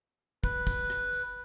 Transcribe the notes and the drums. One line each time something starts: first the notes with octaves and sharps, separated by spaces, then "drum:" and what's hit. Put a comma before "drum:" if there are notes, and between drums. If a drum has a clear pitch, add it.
B4, drum: kick
drum: kick, tambourine
drum: rim click
drum: tambourine